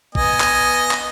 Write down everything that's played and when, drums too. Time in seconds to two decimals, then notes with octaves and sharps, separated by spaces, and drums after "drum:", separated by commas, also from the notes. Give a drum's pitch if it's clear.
0.15 B3 D#5 G#5, drum: kick
0.40 drum: clap
0.91 drum: clap